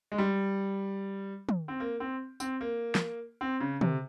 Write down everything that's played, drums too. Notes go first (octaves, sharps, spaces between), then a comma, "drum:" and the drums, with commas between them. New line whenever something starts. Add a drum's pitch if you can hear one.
G#3
G3
drum: tom
C4
A#3
C4
C4, drum: tambourine
A#3
drum: snare
C4
C#3
C3, drum: tom